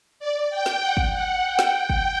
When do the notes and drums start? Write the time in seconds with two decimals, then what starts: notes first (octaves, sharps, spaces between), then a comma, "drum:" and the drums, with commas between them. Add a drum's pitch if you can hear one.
0.20 D5
0.50 G5
0.66 drum: snare
0.81 F#5
0.97 drum: kick
1.12 F#5
1.43 G5
1.59 drum: snare
1.90 drum: kick